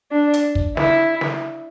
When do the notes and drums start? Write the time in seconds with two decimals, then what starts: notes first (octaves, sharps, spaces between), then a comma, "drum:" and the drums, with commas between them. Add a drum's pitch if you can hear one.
0.12 D4
0.33 drum: hi-hat
0.55 drum: kick
0.77 E4, drum: snare
1.21 drum: snare